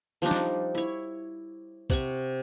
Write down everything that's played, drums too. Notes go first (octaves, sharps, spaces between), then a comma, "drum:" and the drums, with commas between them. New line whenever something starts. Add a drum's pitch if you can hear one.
F3 G3 D4 D#4
drum: snare
E4 C#5
C3 F#5 C#6, drum: kick B1